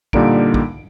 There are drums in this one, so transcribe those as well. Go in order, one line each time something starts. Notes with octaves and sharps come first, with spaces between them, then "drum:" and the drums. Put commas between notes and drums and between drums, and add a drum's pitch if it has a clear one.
A#2 D3 G3 A#3 D#4 D7, drum: kick A#1
drum: kick A#1